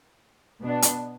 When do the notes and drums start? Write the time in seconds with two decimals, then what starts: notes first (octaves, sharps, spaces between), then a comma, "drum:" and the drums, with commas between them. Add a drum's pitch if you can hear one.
0.60 B2 B3 D4
0.82 drum: hi-hat